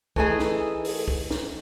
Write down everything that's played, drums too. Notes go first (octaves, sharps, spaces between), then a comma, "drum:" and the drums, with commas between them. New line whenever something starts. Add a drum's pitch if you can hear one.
E3 A3 D#4 G#4, drum: kick
drum: snare
drum: open hi-hat
drum: kick
drum: snare